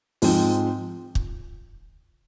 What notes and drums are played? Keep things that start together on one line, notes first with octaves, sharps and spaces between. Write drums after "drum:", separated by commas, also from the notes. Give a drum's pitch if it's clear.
G#2 F3 G#3 C4, drum: open hi-hat
drum: kick